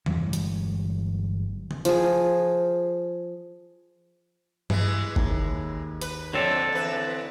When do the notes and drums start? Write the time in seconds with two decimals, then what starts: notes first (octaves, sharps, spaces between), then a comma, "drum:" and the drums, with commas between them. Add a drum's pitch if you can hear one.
0.06 G1 E3 F#3 G#3, drum: tom E2
0.33 drum: hi-hat
1.71 drum: tom
1.85 F3 G#4, drum: hi-hat
4.70 E3 G#3 B3, drum: tom G2
5.16 D#2, drum: kick G1
6.01 B4, drum: hi-hat
6.33 F2 D3 C4 D4 A4 C#5
6.73 E2 B4